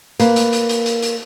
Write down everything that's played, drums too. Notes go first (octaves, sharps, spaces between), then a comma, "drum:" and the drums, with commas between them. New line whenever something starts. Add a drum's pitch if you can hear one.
A#3 B4, drum: hi-hat
drum: hi-hat
drum: hi-hat
drum: hi-hat
drum: hi-hat
drum: hi-hat